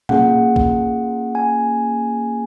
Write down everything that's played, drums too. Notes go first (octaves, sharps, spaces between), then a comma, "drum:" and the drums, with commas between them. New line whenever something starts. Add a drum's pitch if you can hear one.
A#3 C#4 F4 G#4 F#5, drum: tom A#2
drum: kick
G#5